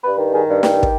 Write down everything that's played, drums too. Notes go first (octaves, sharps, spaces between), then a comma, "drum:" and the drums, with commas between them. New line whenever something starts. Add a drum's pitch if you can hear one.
G2 B4
D#3
D#3 G#4
G2
D#3 G4, drum: snare
drum: kick